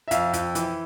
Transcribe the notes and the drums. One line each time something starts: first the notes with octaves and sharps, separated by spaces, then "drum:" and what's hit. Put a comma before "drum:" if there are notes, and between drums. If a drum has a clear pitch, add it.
E5
F2 F5, drum: hi-hat
F2, drum: hi-hat
E3, drum: hi-hat